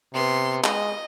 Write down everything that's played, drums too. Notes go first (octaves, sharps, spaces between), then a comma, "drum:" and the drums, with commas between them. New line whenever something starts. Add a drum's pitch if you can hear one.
C3 B3 C6
G#3 D#5, drum: clap